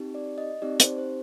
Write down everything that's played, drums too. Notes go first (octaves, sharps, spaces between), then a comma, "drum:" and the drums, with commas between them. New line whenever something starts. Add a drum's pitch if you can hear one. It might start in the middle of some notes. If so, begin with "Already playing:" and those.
Already playing: C4 D#4 G4
D5
D#5
C4 D#4 G4 D5
C5, drum: hi-hat
C5